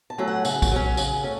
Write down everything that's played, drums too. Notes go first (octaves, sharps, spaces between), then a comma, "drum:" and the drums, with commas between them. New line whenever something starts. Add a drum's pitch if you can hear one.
A5
F#3 A3 C#4 E4
F#5
C#3, drum: tambourine
drum: kick, tambourine
F#3 C#4
C#3, drum: tambourine
A3 C#4